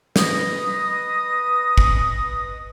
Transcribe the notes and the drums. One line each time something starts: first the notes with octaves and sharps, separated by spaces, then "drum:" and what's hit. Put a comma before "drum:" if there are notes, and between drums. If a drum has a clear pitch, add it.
B4 D#5 D#6, drum: snare
drum: kick